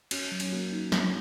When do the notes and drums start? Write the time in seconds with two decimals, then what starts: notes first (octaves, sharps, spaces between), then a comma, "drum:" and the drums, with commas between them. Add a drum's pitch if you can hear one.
0.11 C#4 F#4, drum: cymbal
0.32 F#3
0.40 C#4, drum: cymbal
0.52 A#3 F#4
0.72 D#4
0.92 A#3 C#4, drum: snare